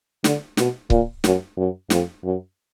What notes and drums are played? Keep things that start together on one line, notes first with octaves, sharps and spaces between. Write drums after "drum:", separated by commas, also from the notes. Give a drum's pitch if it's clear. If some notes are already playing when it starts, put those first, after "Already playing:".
D3, drum: snare
B2, drum: snare
A#2, drum: kick C#1
F#2, drum: snare
F#2
F2, drum: snare
F#2